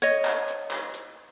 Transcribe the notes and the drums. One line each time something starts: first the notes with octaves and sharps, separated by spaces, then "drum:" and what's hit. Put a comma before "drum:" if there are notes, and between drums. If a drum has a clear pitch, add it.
C#5 D#5, drum: hi-hat
drum: clap
drum: hi-hat
drum: clap
drum: hi-hat